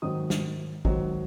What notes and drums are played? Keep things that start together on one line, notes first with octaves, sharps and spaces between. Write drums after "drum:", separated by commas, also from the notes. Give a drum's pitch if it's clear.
G#2 D#3 F#3 D#6
drum: snare
G#2 D#3 F#3, drum: kick A1